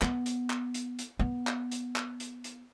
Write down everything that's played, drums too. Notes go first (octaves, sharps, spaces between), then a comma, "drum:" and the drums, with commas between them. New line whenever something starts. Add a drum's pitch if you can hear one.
B3, drum: clap
drum: hi-hat
drum: clap
drum: hi-hat
drum: hi-hat
B3
drum: clap
drum: hi-hat
drum: clap
drum: hi-hat
drum: hi-hat